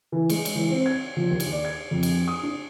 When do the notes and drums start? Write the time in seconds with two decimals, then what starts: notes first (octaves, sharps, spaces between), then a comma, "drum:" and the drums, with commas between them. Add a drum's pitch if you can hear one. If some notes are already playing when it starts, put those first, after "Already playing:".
0.12 E3
0.30 G#3, drum: cymbal
0.45 drum: cymbal
0.55 E3
0.70 C4
0.86 G#6
1.17 F3
1.30 D#2
1.40 drum: cymbal
1.52 D5
1.65 G#6
1.91 F2
2.03 drum: cymbal
2.28 D#6
2.43 D4